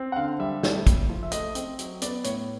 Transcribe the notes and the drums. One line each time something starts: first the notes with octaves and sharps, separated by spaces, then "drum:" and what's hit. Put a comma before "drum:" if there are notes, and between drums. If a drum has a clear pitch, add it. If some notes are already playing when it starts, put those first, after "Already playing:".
Already playing: C4
F#5
D3 F5
G3 E5
A3, drum: snare
A#2, drum: kick, hi-hat
F3
E5
A3 D#5, drum: hi-hat
C4, drum: hi-hat
F#3, drum: hi-hat
B3 D5, drum: hi-hat
A2 C#5, drum: hi-hat